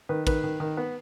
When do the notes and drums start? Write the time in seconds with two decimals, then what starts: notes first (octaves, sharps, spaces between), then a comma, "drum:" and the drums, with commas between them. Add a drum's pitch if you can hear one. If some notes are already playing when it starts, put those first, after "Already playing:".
0.09 D#3 B4
0.27 D#3 B4, drum: kick, cymbal
0.44 D#3
0.60 D#3
0.77 B3